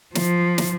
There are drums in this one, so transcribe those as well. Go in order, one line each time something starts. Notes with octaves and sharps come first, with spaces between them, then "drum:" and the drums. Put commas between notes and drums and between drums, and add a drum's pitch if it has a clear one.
F3, drum: snare
drum: snare